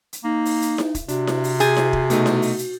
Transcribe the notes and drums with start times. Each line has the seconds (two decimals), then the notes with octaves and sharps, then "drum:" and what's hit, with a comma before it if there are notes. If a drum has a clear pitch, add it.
0.13 drum: hi-hat
0.24 A#3 D#4
0.45 drum: open hi-hat
0.62 drum: hi-hat
0.78 drum: snare E4
0.95 drum: kick, hi-hat
1.08 C3 D4 F#4, drum: hi-hat
1.27 drum: snare E4
1.44 drum: open hi-hat
1.60 G#4 G6 A6, drum: hi-hat
1.77 drum: snare E4
1.93 drum: kick
2.10 B2 A3 D#4, drum: hi-hat
2.26 drum: snare E4
2.42 drum: open hi-hat
2.59 drum: hi-hat